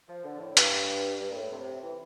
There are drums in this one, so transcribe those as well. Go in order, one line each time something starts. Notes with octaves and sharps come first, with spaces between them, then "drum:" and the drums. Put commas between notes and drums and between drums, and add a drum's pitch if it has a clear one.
F3
D3
A2
G2, drum: hi-hat
G2
A#2
A2
C3
E3